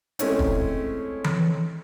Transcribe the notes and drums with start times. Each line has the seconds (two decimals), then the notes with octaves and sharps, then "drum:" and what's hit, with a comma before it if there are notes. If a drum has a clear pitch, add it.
0.19 G#3 A3 C4 C#4 E4, drum: hi-hat
0.39 drum: kick
1.24 drum: tom E3